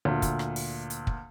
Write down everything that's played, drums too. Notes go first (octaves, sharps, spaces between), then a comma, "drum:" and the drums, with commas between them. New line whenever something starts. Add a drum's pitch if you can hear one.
D2 A#2
drum: kick, hi-hat
drum: rim click
drum: open hi-hat
drum: hi-hat
drum: kick